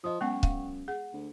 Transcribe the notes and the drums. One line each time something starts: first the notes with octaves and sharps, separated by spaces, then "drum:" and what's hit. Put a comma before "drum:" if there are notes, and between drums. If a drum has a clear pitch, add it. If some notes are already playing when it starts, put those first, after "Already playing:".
F3 D#5 D#6
F#2 G#3 B3 F#5 G5 C#6
F5, drum: kick C#1
G#4 F#5
D2